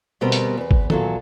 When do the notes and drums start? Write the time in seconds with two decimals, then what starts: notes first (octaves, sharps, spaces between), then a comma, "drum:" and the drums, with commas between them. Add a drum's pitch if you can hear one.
0.21 D2 B2 G3 B3 C4 A#4
0.32 drum: hi-hat
0.57 E2 B4
0.71 drum: kick G#1
0.90 A#2 E3 F#3 B3 A4, drum: tom